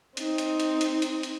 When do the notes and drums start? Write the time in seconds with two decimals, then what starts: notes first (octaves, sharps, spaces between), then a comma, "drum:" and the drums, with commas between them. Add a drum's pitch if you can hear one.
0.17 C4 D#4, drum: hi-hat
0.38 drum: hi-hat
0.60 drum: hi-hat
0.81 drum: hi-hat
1.02 drum: hi-hat
1.23 drum: hi-hat